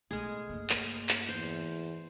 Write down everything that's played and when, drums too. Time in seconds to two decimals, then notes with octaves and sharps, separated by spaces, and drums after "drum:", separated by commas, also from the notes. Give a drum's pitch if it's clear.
0.11 B1 G#3 A3 G#4 F6
0.49 G2 A#3
0.70 drum: clap
1.09 drum: clap
1.29 E2 C5